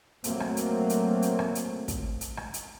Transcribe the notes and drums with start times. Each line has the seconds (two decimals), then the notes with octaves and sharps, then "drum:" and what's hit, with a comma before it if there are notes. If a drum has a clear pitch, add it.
0.24 F#3 A3 A#3 C4, drum: hi-hat
0.40 drum: rim click
0.57 drum: hi-hat
0.90 drum: hi-hat
1.22 drum: hi-hat
1.39 drum: rim click
1.55 drum: hi-hat
1.88 drum: kick, hi-hat
2.21 drum: hi-hat
2.37 drum: rim click
2.54 drum: hi-hat